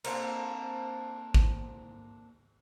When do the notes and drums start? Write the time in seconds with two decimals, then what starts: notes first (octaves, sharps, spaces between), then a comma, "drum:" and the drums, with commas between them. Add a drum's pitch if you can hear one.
0.04 A#3 C4 D4 A4, drum: cymbal
1.34 drum: kick